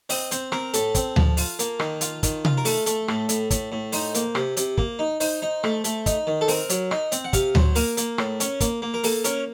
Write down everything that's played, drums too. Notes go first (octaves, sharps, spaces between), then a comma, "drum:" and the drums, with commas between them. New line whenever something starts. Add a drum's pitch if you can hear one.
C4 D#5, drum: open hi-hat
C4 C5, drum: hi-hat
C4 A#4, drum: rim click
A2 A4, drum: hi-hat
C4, drum: kick, hi-hat
F3, drum: tom D2
F4, drum: open hi-hat
A#3, drum: hi-hat
D#3, drum: rim click
F4, drum: hi-hat
D#3, drum: kick, hi-hat
F4, drum: tom C3
A#4
A3 A4, drum: open hi-hat
A3, drum: hi-hat
A2, drum: rim click
A2, drum: hi-hat
A2, drum: kick, hi-hat
A2
D#4 C5, drum: open hi-hat
A#3, drum: hi-hat
C3, drum: rim click
C3, drum: hi-hat
A#3, drum: kick
D#4
D#4 C5, drum: open hi-hat
D#4
A3, drum: rim click
A3, drum: hi-hat
D#4, drum: kick, hi-hat
D#3
A4
C4 A#4, drum: open hi-hat
F#3, drum: hi-hat
D#4, drum: rim click
C4, drum: hi-hat
F#5
C3 F5, drum: kick, hi-hat
F#3 C5, drum: tom D2
A#3 A#4, drum: open hi-hat
A#3, drum: hi-hat
A2, drum: rim click
C#4, drum: hi-hat
A#3, drum: kick, hi-hat
A#3
A#4
A#3 A4, drum: open hi-hat
C#4 A#4, drum: hi-hat